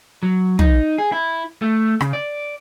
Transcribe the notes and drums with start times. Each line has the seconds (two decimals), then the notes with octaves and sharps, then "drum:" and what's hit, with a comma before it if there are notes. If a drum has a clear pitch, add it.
0.23 F#3
0.59 D#4, drum: tom
0.98 G#4
1.12 E4
1.62 A3
2.01 C#3, drum: rim click
2.13 D5